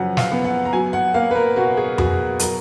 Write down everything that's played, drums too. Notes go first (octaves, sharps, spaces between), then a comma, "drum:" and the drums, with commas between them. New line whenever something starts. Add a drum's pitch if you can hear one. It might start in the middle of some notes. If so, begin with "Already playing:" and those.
Already playing: F#2 C#3 F3 B4 F#5
F5, drum: snare
B3
F#5
A#5
F#3 G#5
F#5
A#3 F5
B4
A#4
B2 F#4
G#4
B2 G#4, drum: tom F2
F#3 A#4, drum: hi-hat